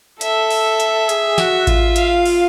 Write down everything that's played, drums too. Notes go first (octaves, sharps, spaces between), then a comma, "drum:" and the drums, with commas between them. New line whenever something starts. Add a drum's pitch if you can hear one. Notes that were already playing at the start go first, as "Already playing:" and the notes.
A4 E5, drum: hi-hat
drum: open hi-hat
drum: hi-hat
G#4, drum: hi-hat
F#4, drum: snare
F4, drum: kick A1, hi-hat
F5, drum: hi-hat
drum: open hi-hat